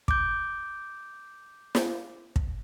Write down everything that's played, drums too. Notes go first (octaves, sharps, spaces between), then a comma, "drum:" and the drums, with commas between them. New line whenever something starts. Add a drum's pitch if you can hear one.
D6 G6, drum: kick
drum: snare
drum: kick